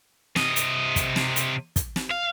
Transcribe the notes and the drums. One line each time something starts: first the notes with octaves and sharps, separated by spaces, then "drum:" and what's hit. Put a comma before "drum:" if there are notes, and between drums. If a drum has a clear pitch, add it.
C3 D#5, drum: snare
drum: hi-hat
drum: kick, hi-hat
drum: snare
drum: hi-hat
drum: kick, hi-hat
drum: snare
F5